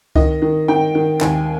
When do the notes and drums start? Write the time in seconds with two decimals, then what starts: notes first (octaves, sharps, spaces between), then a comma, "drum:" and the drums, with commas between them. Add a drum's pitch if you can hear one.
0.15 D#3 D#5, drum: kick C#2
0.42 D#3
0.68 D#3 G5
0.95 D#3
1.21 D#2 G#5, drum: clap